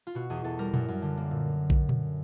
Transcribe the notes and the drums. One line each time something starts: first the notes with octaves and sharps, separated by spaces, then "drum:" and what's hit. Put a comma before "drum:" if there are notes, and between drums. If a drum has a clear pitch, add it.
F4
B2 F#4
E2 G#4
E2 A4
G3 A#4
F#2, drum: tom A#2
F#2
D3
A#3
A#2
drum: kick A#1
drum: tom A#2